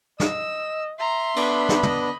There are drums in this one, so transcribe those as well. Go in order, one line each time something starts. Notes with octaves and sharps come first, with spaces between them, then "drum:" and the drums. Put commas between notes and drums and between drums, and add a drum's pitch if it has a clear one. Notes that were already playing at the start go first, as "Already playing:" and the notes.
D#5 E6, drum: snare
E5 A#5 C6
B3 D4 B5, drum: cymbal
drum: snare
D#5, drum: tom